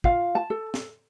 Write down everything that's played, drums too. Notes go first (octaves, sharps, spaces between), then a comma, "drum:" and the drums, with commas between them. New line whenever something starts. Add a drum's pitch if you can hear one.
F4 F5, drum: kick
A5
A4
drum: snare